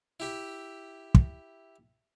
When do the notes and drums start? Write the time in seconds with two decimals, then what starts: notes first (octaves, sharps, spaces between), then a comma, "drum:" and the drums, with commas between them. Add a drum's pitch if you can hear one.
0.20 E4 G4 E5
1.15 drum: kick